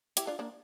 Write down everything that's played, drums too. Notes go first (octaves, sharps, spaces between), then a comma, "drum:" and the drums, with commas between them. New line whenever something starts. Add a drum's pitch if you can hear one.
E4 G4, drum: hi-hat
D4 F4
A#3 D4